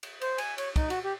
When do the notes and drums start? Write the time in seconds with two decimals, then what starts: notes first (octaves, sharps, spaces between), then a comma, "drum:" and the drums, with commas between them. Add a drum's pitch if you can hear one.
0.03 drum: cymbal
0.21 C5, drum: cymbal
0.38 G#5, drum: cymbal
0.58 C#5, drum: cymbal
0.76 D#4, drum: kick, cymbal
0.90 F#4, drum: cymbal
1.04 G4